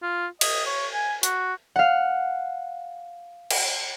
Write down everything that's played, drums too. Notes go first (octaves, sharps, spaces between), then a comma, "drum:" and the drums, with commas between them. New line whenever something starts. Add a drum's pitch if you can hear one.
F4
D#5, drum: cymbal
C#5
G#5
F#4, drum: hi-hat
F5 F#5
drum: cymbal